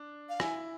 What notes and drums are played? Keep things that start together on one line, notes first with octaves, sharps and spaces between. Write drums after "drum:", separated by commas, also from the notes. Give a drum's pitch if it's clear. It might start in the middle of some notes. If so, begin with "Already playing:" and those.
Already playing: D4
F5
E4 G#5, drum: rim click